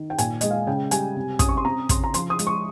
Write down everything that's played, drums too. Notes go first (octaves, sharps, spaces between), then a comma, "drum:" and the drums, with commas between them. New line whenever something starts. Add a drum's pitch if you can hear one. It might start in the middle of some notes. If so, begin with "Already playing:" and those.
Already playing: D#3
G5
A#2 G#5, drum: hi-hat
G#3 D#5, drum: hi-hat
F5
C#3 G5
G3 G#5, drum: hi-hat
C3
C#4 D#6, drum: kick, hi-hat
C#6
C6
C4 A#5
C#3 C6, drum: kick, hi-hat
A#5
F3 C6, drum: hi-hat
D#6
G#3, drum: hi-hat
C#6